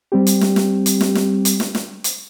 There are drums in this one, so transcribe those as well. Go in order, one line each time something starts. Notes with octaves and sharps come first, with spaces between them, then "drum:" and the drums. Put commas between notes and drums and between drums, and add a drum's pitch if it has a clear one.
G3 C4 G4
drum: hi-hat
drum: snare
drum: snare
drum: hi-hat
drum: snare
drum: snare
drum: hi-hat
drum: snare
drum: snare
drum: hi-hat